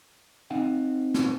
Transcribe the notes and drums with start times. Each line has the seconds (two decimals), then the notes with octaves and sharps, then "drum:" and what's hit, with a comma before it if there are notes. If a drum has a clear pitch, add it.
0.51 C4 D#4 F#5
1.14 drum: snare